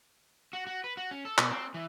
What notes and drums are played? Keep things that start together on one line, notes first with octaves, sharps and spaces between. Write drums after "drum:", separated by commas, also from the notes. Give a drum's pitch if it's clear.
F#4
F#4
B4
F#4
C#4
A4
B2, drum: clap
C4
E3